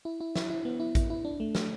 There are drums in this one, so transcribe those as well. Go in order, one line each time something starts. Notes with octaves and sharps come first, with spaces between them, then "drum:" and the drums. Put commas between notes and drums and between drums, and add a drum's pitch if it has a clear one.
E4
E4
E4, drum: snare
E4
B3
E4
E4, drum: kick A1, hi-hat
E4
D4
A3
A3, drum: snare